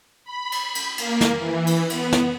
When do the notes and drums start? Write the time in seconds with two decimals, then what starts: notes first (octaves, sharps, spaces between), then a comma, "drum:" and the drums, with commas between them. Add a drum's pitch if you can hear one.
0.25 B5
0.52 drum: cymbal
0.75 drum: cymbal
0.98 A#3, drum: cymbal
1.21 drum: snare
1.38 E3
1.67 drum: cymbal
1.90 B3, drum: cymbal
2.13 drum: snare